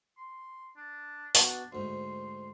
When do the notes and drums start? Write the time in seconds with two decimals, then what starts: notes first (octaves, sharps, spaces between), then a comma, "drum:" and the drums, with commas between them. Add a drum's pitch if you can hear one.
0.18 C6
0.77 D4
1.35 B3 D#4 F#4, drum: open hi-hat
1.47 D4
1.73 D2 G#2 C6